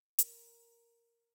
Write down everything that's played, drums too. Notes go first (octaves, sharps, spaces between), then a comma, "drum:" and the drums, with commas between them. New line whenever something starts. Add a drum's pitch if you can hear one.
A#4, drum: hi-hat